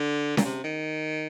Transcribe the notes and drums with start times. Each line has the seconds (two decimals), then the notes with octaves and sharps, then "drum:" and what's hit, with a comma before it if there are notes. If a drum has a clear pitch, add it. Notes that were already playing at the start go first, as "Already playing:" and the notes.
Already playing: D3
0.37 A#2, drum: snare C#4
0.45 C3
0.64 D#3